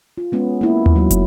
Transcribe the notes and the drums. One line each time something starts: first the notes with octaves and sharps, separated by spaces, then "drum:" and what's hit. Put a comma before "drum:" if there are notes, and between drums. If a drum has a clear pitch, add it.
F4
G#3 B3 C#4
A#3 E4
drum: tom D#2
F#3 D#4
drum: kick, hi-hat